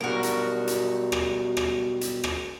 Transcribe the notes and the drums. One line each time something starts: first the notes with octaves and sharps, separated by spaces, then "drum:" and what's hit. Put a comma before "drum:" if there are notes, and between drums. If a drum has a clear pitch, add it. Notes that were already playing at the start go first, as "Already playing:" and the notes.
B1 B2 G3 F#4 A#4
drum: hi-hat
drum: hi-hat
drum: rim click
drum: rim click
drum: hi-hat
drum: rim click